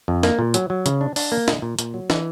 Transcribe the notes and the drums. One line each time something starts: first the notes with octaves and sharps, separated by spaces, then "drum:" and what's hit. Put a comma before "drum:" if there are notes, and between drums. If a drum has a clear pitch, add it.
F2
A#3, drum: snare
A#2
F#3, drum: hi-hat
F#3
C#3, drum: hi-hat
D4
D4, drum: open hi-hat
A#3
A#2, drum: snare
A#2
A#2, drum: hi-hat
F#3
E3, drum: snare